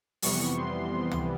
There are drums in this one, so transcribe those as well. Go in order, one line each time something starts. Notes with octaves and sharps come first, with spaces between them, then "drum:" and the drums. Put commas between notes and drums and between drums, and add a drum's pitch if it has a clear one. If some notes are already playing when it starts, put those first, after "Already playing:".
F2 C3 E3 G3 B3 C#6, drum: open hi-hat
C6
drum: tom